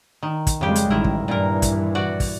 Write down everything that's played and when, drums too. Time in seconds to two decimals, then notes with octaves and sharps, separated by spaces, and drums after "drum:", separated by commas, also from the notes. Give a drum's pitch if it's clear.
0.23 D#3
0.47 drum: kick, hi-hat
0.61 F2 C#3 G3 G#3 G4
0.76 drum: hi-hat
0.90 A1 D#3 E4 A#4
1.04 drum: kick
1.28 G2 A#2 E3 A#4
1.62 drum: kick, hi-hat
1.95 F#4 D5
2.20 drum: kick, open hi-hat